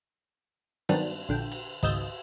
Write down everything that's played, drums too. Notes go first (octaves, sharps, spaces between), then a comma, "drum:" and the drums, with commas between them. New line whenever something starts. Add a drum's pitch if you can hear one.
G2 D#3 F#3 B3 C4 D4, drum: cymbal
A#1 D3 G5
drum: cymbal
G#1 C#2 D#5 E6 G6 A6, drum: cymbal